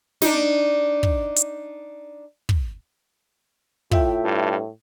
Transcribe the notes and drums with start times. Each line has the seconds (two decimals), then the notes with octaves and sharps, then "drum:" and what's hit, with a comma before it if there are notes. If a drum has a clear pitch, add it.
0.22 D4 D#4, drum: snare
1.03 drum: kick
1.36 drum: hi-hat
2.49 drum: kick
3.91 A2 F4 E5 G5, drum: kick
4.25 G2